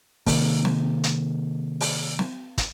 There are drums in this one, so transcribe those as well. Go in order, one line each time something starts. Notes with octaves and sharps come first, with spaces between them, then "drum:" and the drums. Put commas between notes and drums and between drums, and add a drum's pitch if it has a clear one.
C3 D#3 A#3, drum: kick, open hi-hat
drum: snare
drum: hi-hat
drum: open hi-hat
drum: snare
drum: kick, hi-hat